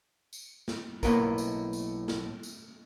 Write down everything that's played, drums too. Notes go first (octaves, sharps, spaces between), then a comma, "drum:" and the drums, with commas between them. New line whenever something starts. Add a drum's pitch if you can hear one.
drum: tambourine
drum: snare
B1 A2 A#3 B3 F4 A#4, drum: kick, tambourine
drum: tambourine
drum: tambourine
drum: snare
drum: tambourine